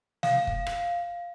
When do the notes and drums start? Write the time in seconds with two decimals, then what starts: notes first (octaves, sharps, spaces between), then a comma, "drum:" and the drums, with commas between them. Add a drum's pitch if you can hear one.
0.23 F5, drum: snare
0.47 drum: kick
0.67 drum: rim click